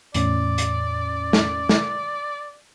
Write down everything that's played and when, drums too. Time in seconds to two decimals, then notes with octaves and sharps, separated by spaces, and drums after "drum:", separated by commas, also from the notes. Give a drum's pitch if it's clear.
0.14 E2 A2 C#4 D5, drum: hi-hat
0.58 drum: hi-hat
1.33 drum: snare
1.69 drum: snare